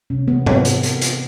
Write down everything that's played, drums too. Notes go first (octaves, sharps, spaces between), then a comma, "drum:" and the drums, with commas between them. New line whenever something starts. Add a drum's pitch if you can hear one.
C3 C#4
E3 B3
G#3 C4, drum: tom G#2
drum: hi-hat
drum: hi-hat
drum: hi-hat